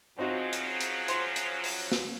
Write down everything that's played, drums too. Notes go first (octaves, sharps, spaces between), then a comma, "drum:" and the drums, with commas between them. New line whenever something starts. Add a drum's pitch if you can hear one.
C#3 F3 F#3 C4 D#4 F#4
drum: hi-hat
drum: hi-hat
C5 C6, drum: hi-hat
drum: hi-hat
drum: open hi-hat
drum: snare